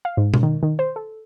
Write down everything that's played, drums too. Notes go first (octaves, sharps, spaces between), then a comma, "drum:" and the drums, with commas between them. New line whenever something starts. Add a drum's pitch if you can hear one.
F5
G#2
drum: tom B2
D#3
D#3
C5
A4